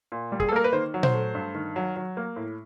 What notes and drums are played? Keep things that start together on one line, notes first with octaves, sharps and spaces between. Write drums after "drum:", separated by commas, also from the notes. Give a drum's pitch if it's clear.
A#2
G3
G#4, drum: kick
A4
A#3 A#4
B4
D#3 C5
F#3
C5, drum: tom A#2
A3
G2
D#3
F#3
F#3
A#3
A2